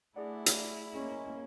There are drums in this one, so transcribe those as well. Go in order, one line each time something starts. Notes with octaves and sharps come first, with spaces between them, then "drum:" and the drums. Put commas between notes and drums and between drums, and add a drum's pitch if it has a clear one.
A3 D4 E4 G#4 D5 F#5
drum: hi-hat
G#3 A#3 C#4